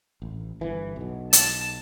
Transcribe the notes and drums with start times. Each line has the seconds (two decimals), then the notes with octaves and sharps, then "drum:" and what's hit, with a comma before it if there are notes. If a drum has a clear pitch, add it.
0.22 A1
0.61 G1 E3
0.96 B1 B2
1.33 A5, drum: hi-hat